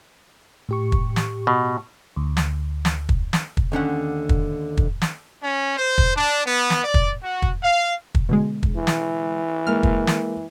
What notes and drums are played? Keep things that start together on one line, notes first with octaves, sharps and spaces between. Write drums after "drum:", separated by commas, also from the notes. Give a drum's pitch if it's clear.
A2 G4 C#6
drum: kick
drum: snare
B2
D2
drum: snare
drum: snare
drum: kick
drum: snare
drum: kick
D#2 D3 C#4 F#5
drum: kick
drum: kick
drum: snare
C#4
C5
drum: kick
D4
B3
drum: snare
D5
drum: kick
F#4
drum: kick
F5
drum: kick
B2 D3 G#3
drum: kick
E3
drum: snare
G#3 A#3 A#4 F6
drum: kick
drum: snare